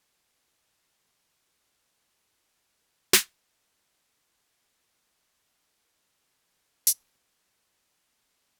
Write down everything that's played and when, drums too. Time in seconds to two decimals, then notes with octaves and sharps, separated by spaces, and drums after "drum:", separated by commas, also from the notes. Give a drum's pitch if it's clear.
0.21 D#5 F6
1.28 F3 B4
2.45 D2 A#2 G3
3.13 drum: snare
4.11 E3 F#3 F#4 F#6 B6
4.59 G2 G#4
5.98 E2 C#4
6.48 E2 G3 F6
6.87 drum: hi-hat
7.29 G#5
7.74 D#5
8.23 A#2 F#3 C#5